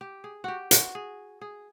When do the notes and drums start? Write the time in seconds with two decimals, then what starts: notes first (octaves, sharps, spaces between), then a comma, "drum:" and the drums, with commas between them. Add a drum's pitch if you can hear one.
0.01 G4
0.24 G#4
0.44 F#4 G4
0.71 F#4, drum: hi-hat
0.95 G#4
1.41 G#4